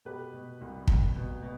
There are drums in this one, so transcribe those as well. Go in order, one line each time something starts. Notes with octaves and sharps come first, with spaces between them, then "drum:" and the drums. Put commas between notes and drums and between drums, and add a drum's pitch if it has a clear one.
B2 G4 B4
B2
C2
C2, drum: kick
B2
B2